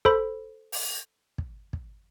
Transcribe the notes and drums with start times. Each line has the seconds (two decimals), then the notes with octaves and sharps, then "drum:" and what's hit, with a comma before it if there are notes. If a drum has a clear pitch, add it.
0.05 A4 C5 B5, drum: kick
0.72 drum: open hi-hat
1.38 drum: kick
1.73 drum: kick